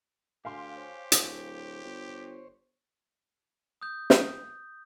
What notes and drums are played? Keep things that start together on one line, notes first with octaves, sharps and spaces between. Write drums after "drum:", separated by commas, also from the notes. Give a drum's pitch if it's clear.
D2 G4 F5 G#5 C6
C5 C#5
D1, drum: hi-hat
G1
D#6 G6
drum: snare